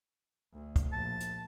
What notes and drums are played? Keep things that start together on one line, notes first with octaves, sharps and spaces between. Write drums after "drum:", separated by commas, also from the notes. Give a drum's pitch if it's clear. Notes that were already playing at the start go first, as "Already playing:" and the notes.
D2
drum: kick, hi-hat
A#1 A5
drum: hi-hat